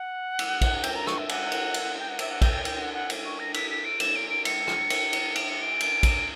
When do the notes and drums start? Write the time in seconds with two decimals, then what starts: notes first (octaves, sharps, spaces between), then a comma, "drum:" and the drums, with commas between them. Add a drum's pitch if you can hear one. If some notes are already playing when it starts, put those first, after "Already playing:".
Already playing: F#5
0.39 drum: cymbal
0.61 drum: kick A#1, cymbal
0.84 G5, drum: cymbal
0.95 A#5
1.07 C#6, drum: rim click
1.18 E5
1.29 F#5, drum: cymbal
1.52 drum: cymbal
1.74 drum: cymbal
1.99 G5
2.09 F#5
2.19 E5, drum: cymbal
2.31 F#5
2.42 G5, drum: kick A#1, cymbal
2.53 G5
2.65 G5, drum: cymbal
2.80 F#5
2.94 F#5
3.10 drum: cymbal
3.25 C#6
3.40 A#6
3.54 B6, drum: cymbal
3.70 B6
3.85 D7
4.00 E7, drum: cymbal
4.16 D7
4.30 D7
4.45 C#7, drum: cymbal
4.68 drum: rim click
4.90 drum: cymbal
5.13 drum: cymbal
5.36 D7, drum: cymbal
5.49 C#7
5.61 D7
5.81 drum: cymbal
6.03 drum: kick A#1, cymbal